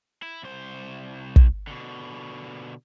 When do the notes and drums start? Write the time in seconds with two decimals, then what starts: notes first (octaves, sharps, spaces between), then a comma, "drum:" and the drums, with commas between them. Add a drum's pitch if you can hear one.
0.22 E4
0.43 C2 C5
1.36 drum: kick
1.67 B2 D3